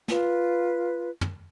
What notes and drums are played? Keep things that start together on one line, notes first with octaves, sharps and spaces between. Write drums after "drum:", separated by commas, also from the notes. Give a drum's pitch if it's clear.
F4 B4, drum: snare
drum: tom